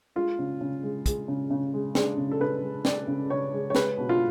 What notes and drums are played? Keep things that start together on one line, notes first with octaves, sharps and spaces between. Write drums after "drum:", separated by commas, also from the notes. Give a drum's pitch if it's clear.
G#3 F4
C#3
C#3
G#3
G#3, drum: kick, hi-hat
C#3
C#3
G#3
G#3 D4, drum: snare
C#3
A4
C#3 B4
G#3
G#3 D5, drum: snare
C#3
C#3 C#5
G#3
C#5
G#3 B4, drum: snare
B2
F4